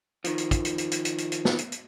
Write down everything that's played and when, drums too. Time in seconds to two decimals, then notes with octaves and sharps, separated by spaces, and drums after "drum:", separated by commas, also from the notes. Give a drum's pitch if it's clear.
0.24 D#3 F3, drum: hi-hat
0.38 drum: hi-hat
0.51 drum: kick, hi-hat
0.65 drum: hi-hat
0.78 drum: hi-hat
0.91 drum: hi-hat
1.05 drum: hi-hat
1.18 drum: hi-hat
1.32 drum: hi-hat
1.45 drum: snare
1.58 drum: hi-hat
1.72 drum: hi-hat